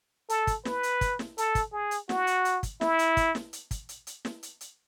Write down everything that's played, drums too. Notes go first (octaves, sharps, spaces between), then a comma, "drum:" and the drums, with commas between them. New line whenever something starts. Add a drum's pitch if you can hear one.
A4, drum: hi-hat
drum: kick, hi-hat
B4, drum: snare
drum: hi-hat
drum: kick, hi-hat
drum: snare
A4, drum: hi-hat
drum: kick, hi-hat
G#4
drum: hi-hat
F#4, drum: snare
drum: hi-hat
drum: hi-hat
drum: kick, hi-hat
E4, drum: snare
drum: hi-hat
drum: kick, hi-hat
drum: snare
drum: hi-hat
drum: kick, hi-hat
drum: hi-hat
drum: hi-hat
drum: snare
drum: hi-hat
drum: hi-hat